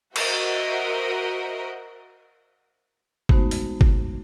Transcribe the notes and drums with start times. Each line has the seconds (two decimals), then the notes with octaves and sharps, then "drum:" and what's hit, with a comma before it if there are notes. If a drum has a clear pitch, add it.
0.16 F#4 A#4 C5 D#5 E5 F#5, drum: cymbal
3.29 G#3 A3 B3 D#4 F#4 C5, drum: kick G1
3.51 drum: open hi-hat
3.81 drum: kick G1